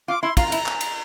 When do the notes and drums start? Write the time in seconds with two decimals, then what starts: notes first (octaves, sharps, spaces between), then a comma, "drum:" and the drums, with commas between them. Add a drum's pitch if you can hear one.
0.08 F4 D6
0.22 E4 C6
0.37 F4 A#5, drum: kick, cymbal
0.48 F4
0.52 E4, drum: cymbal
0.66 drum: clap
0.81 drum: cymbal